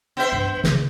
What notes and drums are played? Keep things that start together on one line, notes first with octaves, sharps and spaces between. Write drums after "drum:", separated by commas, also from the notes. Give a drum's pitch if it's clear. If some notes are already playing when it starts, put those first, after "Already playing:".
B3 C5 E5
G2
C#3 A#3, drum: snare